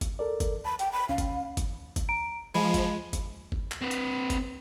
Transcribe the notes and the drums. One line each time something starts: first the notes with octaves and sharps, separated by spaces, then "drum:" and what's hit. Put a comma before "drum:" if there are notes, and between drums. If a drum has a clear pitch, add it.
drum: kick F#1, hi-hat
A4 A#4 D5
drum: kick F#1, hi-hat
A5 B5
G5, drum: hi-hat
B5
C#2 C#4 F5
drum: kick F#1, hi-hat
drum: kick F#1, hi-hat
drum: kick F#1, hi-hat
A#5 D7
F3 G#3 B5
drum: kick F#1, hi-hat
drum: kick F#1, hi-hat
drum: kick F#1
drum: clap
C4 B4
drum: hi-hat
drum: kick F#1, hi-hat